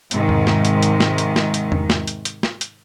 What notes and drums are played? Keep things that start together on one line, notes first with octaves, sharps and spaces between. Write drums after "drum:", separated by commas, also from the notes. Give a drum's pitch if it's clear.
G#2 C3 D#3, drum: hi-hat
drum: tom E2
drum: snare
drum: hi-hat
drum: hi-hat
drum: snare
drum: hi-hat
drum: snare
drum: hi-hat
drum: tom E2
drum: snare
drum: hi-hat
drum: hi-hat
drum: snare
drum: hi-hat